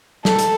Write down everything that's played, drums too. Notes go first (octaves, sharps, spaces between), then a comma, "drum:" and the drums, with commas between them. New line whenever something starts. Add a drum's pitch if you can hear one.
A4, drum: snare
drum: hi-hat